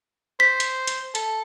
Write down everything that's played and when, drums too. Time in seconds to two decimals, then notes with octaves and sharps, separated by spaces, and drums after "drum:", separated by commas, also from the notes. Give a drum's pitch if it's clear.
0.40 C5 B6
0.60 drum: hi-hat
0.87 drum: hi-hat
1.15 A4, drum: hi-hat